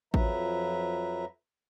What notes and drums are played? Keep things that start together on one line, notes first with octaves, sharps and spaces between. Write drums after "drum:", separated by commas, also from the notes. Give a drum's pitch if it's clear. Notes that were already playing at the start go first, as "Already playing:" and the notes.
F2 F3 F#3 B4 E5 A#5, drum: kick A1